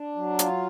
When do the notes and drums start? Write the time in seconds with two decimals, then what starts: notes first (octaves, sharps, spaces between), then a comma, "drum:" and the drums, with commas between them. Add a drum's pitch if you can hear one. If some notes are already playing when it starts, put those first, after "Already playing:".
Already playing: D4
0.15 F#3
0.39 F4, drum: hi-hat